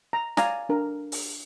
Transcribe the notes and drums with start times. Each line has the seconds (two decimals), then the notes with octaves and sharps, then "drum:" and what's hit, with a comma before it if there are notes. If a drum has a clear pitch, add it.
0.13 A#5
0.37 D5 F5 G#5 A#5, drum: snare
0.69 D4 A#4
1.12 drum: open hi-hat